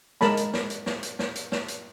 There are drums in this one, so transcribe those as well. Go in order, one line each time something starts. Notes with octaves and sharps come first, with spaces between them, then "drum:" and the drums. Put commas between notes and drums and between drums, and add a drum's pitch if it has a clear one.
G#3 A#4 A5 B5, drum: snare
drum: hi-hat
drum: snare
drum: hi-hat
drum: snare
drum: hi-hat
drum: snare
drum: hi-hat
drum: snare
drum: hi-hat